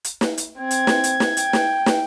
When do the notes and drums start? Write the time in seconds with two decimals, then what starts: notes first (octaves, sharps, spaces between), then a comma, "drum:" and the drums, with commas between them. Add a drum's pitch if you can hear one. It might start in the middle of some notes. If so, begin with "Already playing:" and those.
0.04 drum: hi-hat
0.21 drum: snare
0.38 drum: hi-hat
0.59 C4 G#6
0.71 drum: hi-hat
0.87 drum: snare
1.04 drum: hi-hat
1.20 drum: snare
1.37 G5, drum: hi-hat
1.53 drum: snare
1.86 drum: snare